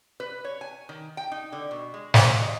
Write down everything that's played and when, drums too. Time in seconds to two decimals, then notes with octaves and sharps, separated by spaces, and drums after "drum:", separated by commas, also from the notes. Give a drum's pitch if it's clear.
0.20 B4
0.45 C#5
0.61 G#5
0.89 D#3
1.17 G5
1.32 D#4
1.52 D3
1.71 B2
1.94 G#3
2.14 E3, drum: snare
2.28 F#3
2.42 D#5